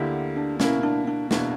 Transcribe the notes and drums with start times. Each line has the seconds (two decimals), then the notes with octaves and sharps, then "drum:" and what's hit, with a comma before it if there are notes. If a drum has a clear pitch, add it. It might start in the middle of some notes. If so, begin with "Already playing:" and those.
Already playing: D2 D3 A#3 E4 G4
0.36 D4
0.60 B2 A#3 C#4 E4 A#4, drum: snare
0.83 D4
1.07 D4
1.31 E2 B2 A#3 D4 E4, drum: snare